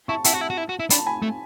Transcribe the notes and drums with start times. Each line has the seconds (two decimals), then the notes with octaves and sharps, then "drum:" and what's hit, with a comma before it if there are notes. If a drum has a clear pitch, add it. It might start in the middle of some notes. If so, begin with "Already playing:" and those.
0.08 E4 A5 C#6
0.24 E4 F#5 A5, drum: hi-hat
0.33 F#4
0.41 E4
0.50 F#4
0.57 E4
0.69 F#4
0.80 E4
0.90 D4 B5, drum: hi-hat
0.98 A5
1.06 G#5 B5
1.22 A3